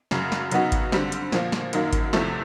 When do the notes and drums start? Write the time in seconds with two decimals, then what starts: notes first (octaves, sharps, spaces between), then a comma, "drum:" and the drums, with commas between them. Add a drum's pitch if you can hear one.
0.11 F#2 C#3 F#3, drum: snare
0.32 drum: snare
0.51 C#3 F#3 B3 D#4 F#4, drum: hi-hat
0.72 drum: kick G#1, hi-hat
0.92 D3 G3 C4, drum: snare
1.12 drum: hi-hat
1.32 A#2 F3 A#3, drum: snare
1.52 drum: snare
1.73 F#2 D#3 F#3 A#3, drum: hi-hat
1.93 drum: kick G#1, hi-hat
2.13 E2 C3 F3 A3, drum: snare